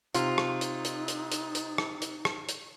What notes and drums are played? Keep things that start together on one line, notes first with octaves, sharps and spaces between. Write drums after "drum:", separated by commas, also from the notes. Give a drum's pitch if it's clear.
C3 D#4 F4, drum: hi-hat
drum: rim click
drum: hi-hat
drum: hi-hat
drum: hi-hat
drum: hi-hat
drum: hi-hat
drum: rim click
drum: hi-hat
drum: rim click
drum: hi-hat